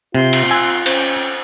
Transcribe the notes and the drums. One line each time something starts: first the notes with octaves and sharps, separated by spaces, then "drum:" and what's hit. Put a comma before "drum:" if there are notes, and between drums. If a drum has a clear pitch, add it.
C3 C4 F4 C6
drum: cymbal
G#5 E6 F#6
C#4 C5 G5, drum: cymbal